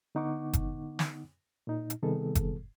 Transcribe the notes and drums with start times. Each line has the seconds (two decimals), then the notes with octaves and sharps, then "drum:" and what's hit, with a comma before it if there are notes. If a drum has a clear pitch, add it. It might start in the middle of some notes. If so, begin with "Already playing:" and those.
0.15 D3 B3 D#4 F#5 C#6 D6
0.53 drum: kick F#1, hi-hat
0.99 drum: snare
1.67 A#2 D#4
1.90 drum: hi-hat
2.03 C3 D#3 G3 B3 G#4 A4
2.35 drum: kick F#1, hi-hat